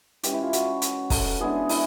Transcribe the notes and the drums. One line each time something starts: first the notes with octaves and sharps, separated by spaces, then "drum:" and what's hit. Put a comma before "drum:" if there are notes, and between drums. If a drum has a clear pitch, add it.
E3 G#3 C#4 G4, drum: hi-hat
E4
F4
F#4, drum: hi-hat
drum: hi-hat
A4, drum: kick, open hi-hat
E3 G#3 B3 D4 G#4
E4, drum: open hi-hat